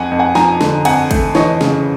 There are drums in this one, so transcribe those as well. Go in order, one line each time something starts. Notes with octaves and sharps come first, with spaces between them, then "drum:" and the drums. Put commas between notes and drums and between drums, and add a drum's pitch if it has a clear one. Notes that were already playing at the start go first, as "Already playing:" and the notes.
Already playing: F2 F#5 G#5
F2
F#5 G#5
F3 G#5 A#5, drum: snare
D3, drum: snare
F2 F#5 G#5, drum: cymbal
A3, drum: kick, cymbal
E3 C#5 D#5, drum: snare
C#3, drum: snare